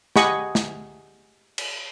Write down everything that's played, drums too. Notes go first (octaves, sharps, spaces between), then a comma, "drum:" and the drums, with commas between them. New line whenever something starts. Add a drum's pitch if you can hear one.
G4 G#4 D#5 F#5 B5 C#6, drum: snare
drum: snare
drum: cymbal